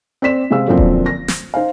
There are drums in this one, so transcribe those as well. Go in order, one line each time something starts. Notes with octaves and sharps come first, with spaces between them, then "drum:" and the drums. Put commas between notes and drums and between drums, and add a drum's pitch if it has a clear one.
C4 D5 B6 E7
C3 G#3 C5 F5 E6
F#2 A#2 D3 F3 A#3 C4
drum: kick D#1
A#6
drum: snare
D#4 C5 F5